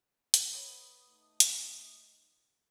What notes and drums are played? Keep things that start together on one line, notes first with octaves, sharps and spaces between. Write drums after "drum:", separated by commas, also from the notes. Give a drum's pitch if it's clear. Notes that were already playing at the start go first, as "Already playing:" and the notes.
drum: hi-hat
B3 C#5 F#5 C#6 D#6
A3 D#4
drum: hi-hat